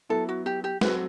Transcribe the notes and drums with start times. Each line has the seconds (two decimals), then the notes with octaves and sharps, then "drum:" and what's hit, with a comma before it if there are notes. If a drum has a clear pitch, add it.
0.09 F#3 B3 E4 A4
0.29 F#4
0.46 G4
0.64 G4
0.81 F#3 C4 F#4 A4 B4, drum: snare